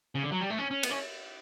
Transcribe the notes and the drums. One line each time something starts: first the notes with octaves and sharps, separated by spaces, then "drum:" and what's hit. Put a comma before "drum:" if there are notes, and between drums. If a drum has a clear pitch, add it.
C#3
D3
F#3
G3
A3
C#4
C#4
B3, drum: cymbal
C#4